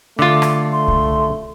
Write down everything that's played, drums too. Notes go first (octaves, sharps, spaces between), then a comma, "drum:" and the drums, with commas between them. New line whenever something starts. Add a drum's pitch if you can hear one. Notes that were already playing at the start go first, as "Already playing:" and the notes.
D3 A3 F4 D6
drum: rim click
C6
drum: kick C2